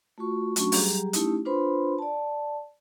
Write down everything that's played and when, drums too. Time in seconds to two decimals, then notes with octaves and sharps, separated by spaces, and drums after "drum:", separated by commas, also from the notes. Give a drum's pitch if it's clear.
0.18 A3 F4 F#4 C#6
0.56 F#3 A3 C#4 D4 F#4 C#6, drum: hi-hat
0.72 F#3 G3 G4 G#4 A#5, drum: open hi-hat
1.13 A3 C#4 D#4 E4 G4, drum: hi-hat
1.45 D4 F4 B4 C5 B5 C6
1.99 D5 A5